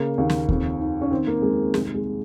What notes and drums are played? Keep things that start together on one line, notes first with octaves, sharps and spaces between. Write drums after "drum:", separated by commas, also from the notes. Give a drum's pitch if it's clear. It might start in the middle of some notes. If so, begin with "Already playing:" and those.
Already playing: C#3 A#3
D#2
drum: snare
F2, drum: kick D#2
D#3
C#4
D#3 C4
A#3
F2 G#3
C2 G#3, drum: snare
G#3